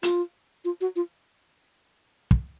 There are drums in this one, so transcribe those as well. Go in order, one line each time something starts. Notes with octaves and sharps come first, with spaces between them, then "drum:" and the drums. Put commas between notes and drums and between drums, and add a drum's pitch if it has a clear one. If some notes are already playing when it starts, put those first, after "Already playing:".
F4, drum: hi-hat
F4
F#4
F4
drum: kick